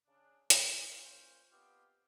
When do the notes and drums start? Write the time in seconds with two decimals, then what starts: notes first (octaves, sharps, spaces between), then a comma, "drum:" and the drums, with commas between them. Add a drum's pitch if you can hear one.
0.07 C#3 D4
0.50 D#3 E3 A3, drum: hi-hat
0.90 A#2 C#4 C5
1.51 B3 C4 D#4 F4 G4